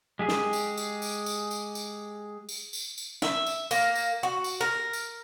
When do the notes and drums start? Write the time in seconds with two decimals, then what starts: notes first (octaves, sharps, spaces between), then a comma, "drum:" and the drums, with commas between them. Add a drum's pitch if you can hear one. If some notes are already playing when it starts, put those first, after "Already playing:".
0.19 G#3 G4 G#4
0.28 drum: snare
0.53 drum: tambourine
0.77 drum: tambourine
1.02 drum: tambourine
1.26 drum: tambourine
1.51 drum: tambourine
1.75 drum: tambourine
2.49 drum: tambourine
2.73 drum: tambourine
2.98 drum: tambourine
3.22 E5, drum: snare
3.47 drum: tambourine
3.71 A#3, drum: tambourine
3.95 drum: tambourine
4.23 F#4
4.44 drum: tambourine
4.61 A#4
4.93 drum: tambourine